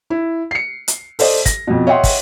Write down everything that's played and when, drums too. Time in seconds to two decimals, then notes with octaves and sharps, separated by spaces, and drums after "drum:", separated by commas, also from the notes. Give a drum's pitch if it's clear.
0.10 E4
0.51 C7 C#7
0.88 drum: hi-hat
1.19 A4 C5 D5 D#5, drum: open hi-hat
1.46 A#6, drum: kick, hi-hat
1.67 F2 B2
1.87 C#5 D#5 E5 F#5 G5 C6
2.04 drum: kick, open hi-hat